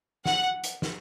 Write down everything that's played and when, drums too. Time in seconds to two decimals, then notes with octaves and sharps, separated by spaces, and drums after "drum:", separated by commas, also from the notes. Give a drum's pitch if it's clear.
0.25 F#5, drum: snare
0.63 drum: hi-hat
0.82 drum: snare